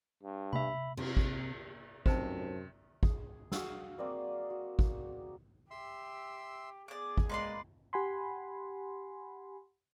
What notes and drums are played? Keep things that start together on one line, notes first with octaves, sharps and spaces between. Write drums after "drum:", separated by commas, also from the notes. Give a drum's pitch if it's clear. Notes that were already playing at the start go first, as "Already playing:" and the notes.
G2
E5 B5, drum: tom C3
C3, drum: cymbal
drum: kick
F1 F#2 C3 C5 A5, drum: kick
G#4, drum: kick
F#4 G#4 F5 E6, drum: snare
A#3 C4 D5 D#5
F#4
drum: kick
G4 E5 C6 E6
B3 G#4 D5 D6
drum: kick
G#3 A#3 B4 D5 C6
G4 F#5 G#5 B5 C6